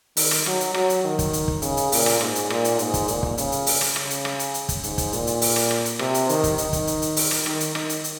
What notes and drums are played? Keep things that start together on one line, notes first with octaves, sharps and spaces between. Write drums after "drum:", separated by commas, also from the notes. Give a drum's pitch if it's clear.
D#3, drum: open hi-hat
drum: rim click
F#3, drum: rim click
drum: hi-hat
F#3, drum: rim click
drum: hi-hat
D#3
drum: kick, hi-hat
drum: hi-hat
drum: kick
C#3, drum: hi-hat
drum: hi-hat
A#2, drum: open hi-hat
drum: rim click
G#2, drum: rim click
drum: hi-hat
A#2, drum: rim click
drum: hi-hat
G#2, drum: hi-hat
drum: kick, hi-hat
A#2, drum: hi-hat
drum: kick
C#3, drum: hi-hat
drum: hi-hat
drum: open hi-hat
drum: rim click
C#3, drum: rim click
drum: hi-hat
drum: rim click
drum: hi-hat
drum: hi-hat
drum: kick, hi-hat
G#2, drum: hi-hat
drum: kick, hi-hat
A#2, drum: hi-hat
drum: hi-hat
drum: open hi-hat
drum: rim click
drum: rim click
drum: hi-hat
C3, drum: rim click
drum: hi-hat
D#3, drum: hi-hat
drum: kick, hi-hat
D#3, drum: hi-hat
drum: kick, hi-hat
drum: hi-hat
drum: hi-hat
drum: open hi-hat
drum: rim click
D#3, drum: rim click
drum: hi-hat
D#3, drum: rim click
drum: hi-hat
drum: hi-hat